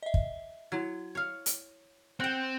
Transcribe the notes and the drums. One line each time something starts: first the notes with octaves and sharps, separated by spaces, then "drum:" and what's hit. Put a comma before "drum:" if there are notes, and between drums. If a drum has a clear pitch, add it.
D#5 E5
drum: kick
F#3 E4 G#6
C#5 F5
drum: hi-hat
C4 F#5 G5